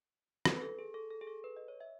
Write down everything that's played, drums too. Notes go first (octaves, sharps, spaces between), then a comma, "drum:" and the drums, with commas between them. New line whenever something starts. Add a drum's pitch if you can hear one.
B4, drum: rim click
A4
G#4
A4
A4
G#4
A4
B4
D#5
C#5
E5